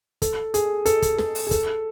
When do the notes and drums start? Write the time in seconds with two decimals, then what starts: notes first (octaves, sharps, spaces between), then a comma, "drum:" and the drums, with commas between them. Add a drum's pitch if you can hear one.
0.22 A4, drum: kick, hi-hat
0.54 G#4, drum: hi-hat
0.86 A4, drum: hi-hat
1.02 drum: kick, hi-hat
1.18 A4, drum: snare
1.35 drum: open hi-hat
1.47 G#4
1.51 A4, drum: kick, hi-hat